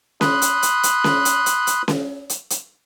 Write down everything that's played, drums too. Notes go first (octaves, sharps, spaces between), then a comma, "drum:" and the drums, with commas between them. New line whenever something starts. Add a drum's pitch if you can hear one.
B5 C6 D#6 F#6, drum: snare C#4
drum: hi-hat
drum: hi-hat
drum: hi-hat
drum: snare C#4
drum: hi-hat
drum: hi-hat
drum: hi-hat
drum: snare C#4
drum: hi-hat
drum: hi-hat